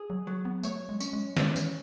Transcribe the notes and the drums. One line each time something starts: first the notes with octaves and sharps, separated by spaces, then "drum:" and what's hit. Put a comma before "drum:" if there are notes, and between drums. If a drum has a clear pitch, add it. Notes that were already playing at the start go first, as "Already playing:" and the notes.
Already playing: G#4
F#3
F#3
B3
A3 C#5, drum: tambourine
G#3
C#4, drum: tambourine
G#3
G#3 C#4, drum: snare
E3, drum: tambourine